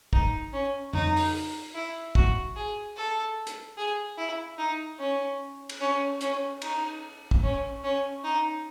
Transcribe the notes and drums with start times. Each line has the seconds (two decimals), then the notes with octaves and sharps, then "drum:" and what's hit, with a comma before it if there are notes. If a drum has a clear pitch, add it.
0.13 D#4, drum: kick
0.53 C#4
0.93 D#4, drum: tom F2
1.17 drum: open hi-hat
1.75 E4
2.15 F#4, drum: kick
2.56 G#4
2.97 A4
3.47 drum: hi-hat
3.78 G#4
4.18 E4
4.58 D#4
4.99 C#4
5.69 drum: cymbal
5.80 C#4
6.21 C#4, drum: hi-hat
6.62 D#4, drum: cymbal
7.31 drum: kick
7.43 C#4
7.84 C#4
8.24 D#4